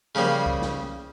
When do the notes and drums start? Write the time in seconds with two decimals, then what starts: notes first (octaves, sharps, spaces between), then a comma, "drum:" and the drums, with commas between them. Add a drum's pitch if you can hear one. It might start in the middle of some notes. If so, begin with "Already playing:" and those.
0.15 C#3 F3 G3 A#3
0.46 drum: kick C2
0.62 drum: snare